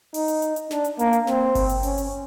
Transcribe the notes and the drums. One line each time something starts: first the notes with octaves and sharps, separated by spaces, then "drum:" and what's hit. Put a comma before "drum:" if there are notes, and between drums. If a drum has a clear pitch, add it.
D#4, drum: open hi-hat
drum: hi-hat
drum: hi-hat
drum: hi-hat
D4, drum: snare
drum: hi-hat
A#3, drum: hi-hat
drum: hi-hat
C4, drum: snare
drum: kick G1, open hi-hat
drum: hi-hat
C#4, drum: open hi-hat
drum: hi-hat